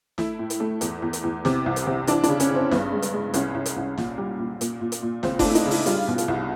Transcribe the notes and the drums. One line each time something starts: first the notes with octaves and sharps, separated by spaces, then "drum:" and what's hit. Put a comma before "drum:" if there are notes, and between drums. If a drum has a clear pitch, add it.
A3 E4, drum: snare
A2
drum: hi-hat
A3
E2, drum: hi-hat
E2
drum: hi-hat
E2
C3, drum: snare
C2
drum: hi-hat
C3
E3 D4, drum: hi-hat
D4, drum: hi-hat
C#3
C#4, drum: hi-hat
C#3 C4
G2 B3, drum: snare
G#3
drum: hi-hat
G#3
C2 C#4, drum: hi-hat
C2
drum: hi-hat
C2
A#2, drum: snare
G3
A#2
A#2, drum: hi-hat
A#2
drum: hi-hat
A#2
C#2 C4, drum: snare
D4, drum: kick F#1, open hi-hat
A3 E4
D#4, drum: hi-hat
C#3
E4, drum: open hi-hat
G3 F4, drum: hi-hat
B2
drum: hi-hat
C2